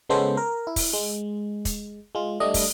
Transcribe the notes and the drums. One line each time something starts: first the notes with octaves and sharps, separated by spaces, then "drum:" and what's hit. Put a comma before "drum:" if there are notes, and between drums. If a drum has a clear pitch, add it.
C#3 G#3 B3 C#4 A4 C5
A#4
E4
drum: kick, open hi-hat
G#3
drum: kick, hi-hat
G#3 F4
G3 A3 D4 D#5
drum: kick, open hi-hat